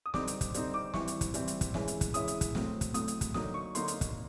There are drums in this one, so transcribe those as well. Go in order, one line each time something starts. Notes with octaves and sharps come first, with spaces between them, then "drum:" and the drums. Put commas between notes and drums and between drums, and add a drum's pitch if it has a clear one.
D#6
D3 G3 C4 D#4 D6, drum: snare
drum: hi-hat
drum: kick, hi-hat
D3 G3 C4 D#4, drum: hi-hat
D6
E3 G3 C4 E4 C#6, drum: snare
drum: hi-hat
drum: kick, hi-hat
E3 G3 C4 E4, drum: hi-hat
drum: hi-hat
drum: kick, hi-hat
E3 G#3 C#4 E4, drum: snare
drum: hi-hat
drum: kick, hi-hat
E3 G#3 C#4 E4 D#6, drum: hi-hat
drum: hi-hat
drum: kick, hi-hat
A2 F#3 A3 C4, drum: snare
drum: kick, hi-hat
A2 F#3 A3 C4 D#6, drum: hi-hat
drum: hi-hat
drum: kick, hi-hat
D3 F#3 A#3 D#4 D#6, drum: snare
C#6
D3 F#3 A#3 D#4 C6, drum: hi-hat
drum: hi-hat
drum: kick, hi-hat